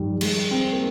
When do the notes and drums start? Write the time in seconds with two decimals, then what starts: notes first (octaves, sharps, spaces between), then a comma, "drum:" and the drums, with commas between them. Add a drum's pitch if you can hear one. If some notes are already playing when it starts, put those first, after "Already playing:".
Already playing: G2 D#3 F3 G3
0.16 G3
0.21 G#3, drum: cymbal
0.51 C4
0.72 A#3